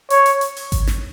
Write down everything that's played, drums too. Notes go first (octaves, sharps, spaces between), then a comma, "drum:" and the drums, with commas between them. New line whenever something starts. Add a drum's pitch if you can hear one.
C#5, drum: hi-hat
drum: hi-hat
drum: hi-hat
drum: open hi-hat
drum: kick G#1, hi-hat
drum: snare